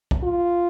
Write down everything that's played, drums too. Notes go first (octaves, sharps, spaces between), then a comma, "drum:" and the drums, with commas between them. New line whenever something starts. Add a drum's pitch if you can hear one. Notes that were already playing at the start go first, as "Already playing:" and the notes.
drum: kick
F4